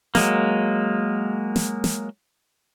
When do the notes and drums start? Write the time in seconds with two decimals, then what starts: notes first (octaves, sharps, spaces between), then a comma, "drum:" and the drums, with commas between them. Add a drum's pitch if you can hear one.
0.15 F#3 G#3 A#3, drum: snare
1.56 drum: snare
1.84 drum: snare